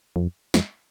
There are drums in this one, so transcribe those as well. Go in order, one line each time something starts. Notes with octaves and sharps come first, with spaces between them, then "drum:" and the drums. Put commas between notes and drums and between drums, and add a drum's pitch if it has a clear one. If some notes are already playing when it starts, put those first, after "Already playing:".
F2
F2, drum: snare